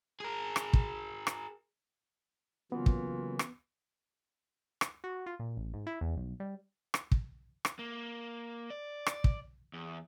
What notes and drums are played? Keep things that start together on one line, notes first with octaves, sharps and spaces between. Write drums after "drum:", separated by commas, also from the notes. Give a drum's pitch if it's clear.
G#4 A#4
drum: rim click
drum: kick
drum: rim click
C#3 E3 F#3 A#3 B3 F4
drum: kick
drum: rim click
drum: rim click
F#4
F4
A#2
A1
G#2
E4
E2
B1
G3
drum: rim click
drum: kick
drum: rim click
A#3
D5
drum: rim click
drum: kick
E2